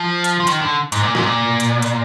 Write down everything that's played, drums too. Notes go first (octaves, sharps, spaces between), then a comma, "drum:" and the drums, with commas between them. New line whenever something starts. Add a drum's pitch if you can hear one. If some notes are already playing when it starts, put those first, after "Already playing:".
Already playing: F3
drum: hi-hat
F3
D#3, drum: hi-hat
D3
G#2, drum: hi-hat
A#2
G#2, drum: snare
A#2
drum: hi-hat
drum: hi-hat